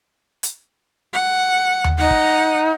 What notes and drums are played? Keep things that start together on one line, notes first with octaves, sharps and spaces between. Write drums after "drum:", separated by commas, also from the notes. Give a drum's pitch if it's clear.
drum: hi-hat
F#5
drum: tom D#2
D#4 F#5
drum: kick